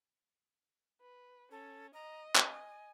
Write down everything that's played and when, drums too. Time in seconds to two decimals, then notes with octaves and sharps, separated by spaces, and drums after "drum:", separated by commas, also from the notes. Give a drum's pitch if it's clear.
1.01 B4
1.51 C#4 A4
1.94 D#5 A#5
2.36 G#5, drum: clap